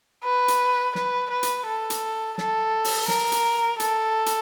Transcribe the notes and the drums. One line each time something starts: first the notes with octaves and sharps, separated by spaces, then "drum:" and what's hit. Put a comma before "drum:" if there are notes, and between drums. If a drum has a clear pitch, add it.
B4
drum: hi-hat
B4, drum: snare
B4
drum: hi-hat
A4
drum: hi-hat
A4, drum: snare
drum: open hi-hat
A#4, drum: snare
drum: hi-hat
A4, drum: hi-hat
drum: hi-hat